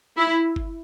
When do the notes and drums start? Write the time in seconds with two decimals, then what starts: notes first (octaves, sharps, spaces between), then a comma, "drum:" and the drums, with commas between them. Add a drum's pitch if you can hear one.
0.17 E4
0.56 drum: kick G1